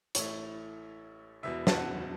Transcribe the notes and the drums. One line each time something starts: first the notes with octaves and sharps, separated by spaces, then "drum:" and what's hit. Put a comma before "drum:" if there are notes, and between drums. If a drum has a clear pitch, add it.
A1 A2 A3 E4 C#5, drum: hi-hat
E1 E2 B2 E5
A5, drum: snare
F#5